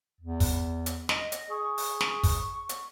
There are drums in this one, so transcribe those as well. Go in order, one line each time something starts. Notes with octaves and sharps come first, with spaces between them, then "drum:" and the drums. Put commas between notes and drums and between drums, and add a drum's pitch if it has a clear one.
E2
drum: kick, open hi-hat
drum: hi-hat
D#5, drum: snare
drum: hi-hat
G#4 C#6
drum: open hi-hat
drum: snare
drum: kick, open hi-hat
drum: hi-hat